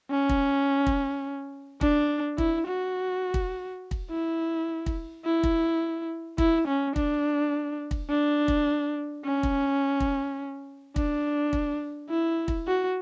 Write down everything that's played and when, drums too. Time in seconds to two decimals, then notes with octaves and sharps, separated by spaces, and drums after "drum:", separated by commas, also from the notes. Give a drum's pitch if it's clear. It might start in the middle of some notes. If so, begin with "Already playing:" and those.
0.11 C#4
0.29 drum: kick
0.87 drum: kick
1.81 D4, drum: kick
2.38 E4, drum: kick
2.67 F#4
3.34 drum: kick
3.91 drum: kick
4.11 E4
4.86 drum: kick
5.25 E4
5.43 drum: kick
6.38 E4, drum: kick
6.68 C#4
6.96 D4, drum: kick
7.91 drum: kick
8.10 D4
8.48 drum: kick
9.25 C#4
9.43 drum: kick
10.00 drum: kick
10.96 D4, drum: kick
11.53 drum: kick
12.10 E4
12.48 drum: kick
12.67 F#4